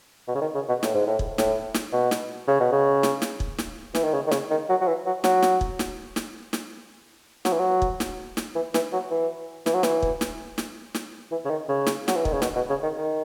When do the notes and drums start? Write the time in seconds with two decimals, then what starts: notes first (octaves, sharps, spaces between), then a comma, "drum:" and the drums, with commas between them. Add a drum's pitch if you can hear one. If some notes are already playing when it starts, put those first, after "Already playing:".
0.28 B2
0.35 C#3
0.41 D#3
0.55 C#3
0.69 B2
0.83 A2, drum: snare
0.94 G#2
1.07 A2
1.19 drum: kick
1.38 A2, drum: snare
1.74 drum: snare
1.93 B2
2.11 drum: snare
2.48 C#3
2.60 B2
2.72 C#3
3.03 drum: snare
3.22 drum: snare
3.40 drum: kick
3.58 drum: snare
3.95 E3, drum: snare
4.04 D#3
4.14 C#3
4.27 D#3
4.31 C#3, drum: snare
4.50 D#3
4.69 F#3
4.81 F#3
4.87 E3
5.06 F#3
5.24 F#3, drum: snare
5.42 drum: snare
5.61 drum: kick
5.79 drum: snare
6.16 drum: snare
6.53 drum: snare
7.45 F#3, drum: snare
7.52 E3
7.59 F#3
7.82 drum: kick
8.00 drum: snare
8.37 drum: snare
8.55 E3
8.74 E3, drum: snare
8.93 F#3
9.11 E3
9.66 E3, drum: snare
9.74 F#3
9.83 E3, drum: snare
10.02 drum: kick
10.21 drum: snare
10.58 drum: snare
10.95 drum: snare
11.32 E3
11.45 C#3
11.50 D#3
11.69 C#3
11.87 drum: snare
12.08 F#3, drum: snare
12.16 E3
12.25 D#3, drum: kick
12.33 C#3
12.42 B2, drum: snare
12.56 B2
12.69 C#3
12.83 D#3
12.97 D#3